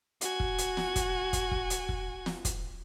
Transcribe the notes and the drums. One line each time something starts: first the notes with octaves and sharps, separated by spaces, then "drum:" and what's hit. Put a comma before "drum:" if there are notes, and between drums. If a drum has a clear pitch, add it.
F#4 G#5, drum: hi-hat
drum: kick
drum: hi-hat
drum: snare
drum: kick, hi-hat
drum: kick, hi-hat
drum: kick
drum: hi-hat
drum: kick
drum: snare
drum: kick, hi-hat